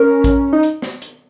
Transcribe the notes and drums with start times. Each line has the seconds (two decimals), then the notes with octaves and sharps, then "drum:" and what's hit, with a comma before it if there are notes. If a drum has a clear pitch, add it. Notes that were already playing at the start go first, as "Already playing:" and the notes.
Already playing: C#4 A#4
0.24 drum: kick, hi-hat
0.53 D#4
0.63 drum: hi-hat
0.82 drum: snare
1.02 drum: hi-hat